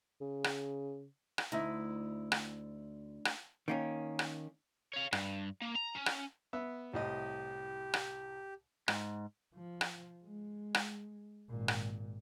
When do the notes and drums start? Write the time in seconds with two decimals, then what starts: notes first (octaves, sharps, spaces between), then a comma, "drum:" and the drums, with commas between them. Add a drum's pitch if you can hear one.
0.21 C#3
0.44 drum: rim click
1.38 drum: rim click
1.52 D2 D#4 E4
2.32 drum: rim click
3.25 drum: rim click
3.68 D#3 A#3 C#4
4.19 drum: rim click
4.94 C#5 F5
5.13 G2, drum: rim click
5.61 A#3
5.75 A#5
5.95 C#4
6.06 drum: rim click
6.53 B3 E5
6.94 C2 A2 G4 D#5
7.94 drum: rim click
8.88 G#2, drum: rim click
9.55 F3
9.81 drum: rim click
10.24 G#3
10.75 drum: rim click
11.49 G#1 A#2
11.68 drum: rim click